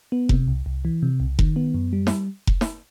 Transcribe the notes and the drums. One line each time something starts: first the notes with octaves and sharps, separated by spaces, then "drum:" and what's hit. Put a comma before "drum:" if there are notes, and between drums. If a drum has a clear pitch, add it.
B3
C3, drum: kick F1
C2
C2
E3
C3
C2
D#3, drum: kick F1
B3
F#2
G3
drum: snare
drum: kick F1
drum: snare